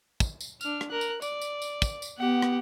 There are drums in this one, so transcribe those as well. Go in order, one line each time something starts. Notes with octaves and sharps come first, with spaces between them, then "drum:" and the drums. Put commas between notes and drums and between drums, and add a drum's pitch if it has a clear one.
drum: kick, tambourine
drum: tambourine
D4 F6, drum: tambourine
drum: rim click
A#4 F#6
drum: tambourine
D5, drum: tambourine
drum: tambourine
drum: tambourine
drum: kick, tambourine
drum: tambourine
B3 G4 F#5
drum: rim click